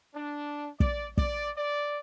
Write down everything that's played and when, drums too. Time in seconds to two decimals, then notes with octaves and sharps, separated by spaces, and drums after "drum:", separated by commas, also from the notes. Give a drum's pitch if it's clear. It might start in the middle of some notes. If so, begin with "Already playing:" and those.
0.15 D4
0.80 D5, drum: kick
1.17 D5, drum: kick
1.57 D5